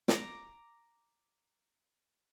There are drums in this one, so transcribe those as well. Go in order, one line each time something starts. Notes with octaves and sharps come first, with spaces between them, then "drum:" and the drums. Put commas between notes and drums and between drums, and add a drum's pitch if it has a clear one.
A#5 D6, drum: snare